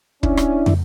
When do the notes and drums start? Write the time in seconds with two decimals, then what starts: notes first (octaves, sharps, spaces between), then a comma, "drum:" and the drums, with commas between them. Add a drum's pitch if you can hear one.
0.23 C#4 D4 E4, drum: kick
0.37 drum: rim click
0.66 drum: tom